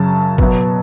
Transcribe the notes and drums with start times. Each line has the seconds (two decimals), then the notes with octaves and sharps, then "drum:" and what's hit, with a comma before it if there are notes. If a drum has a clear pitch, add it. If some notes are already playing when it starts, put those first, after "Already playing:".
Already playing: F#2 C#3 F#3 A5
0.38 B2 F#3 B3, drum: kick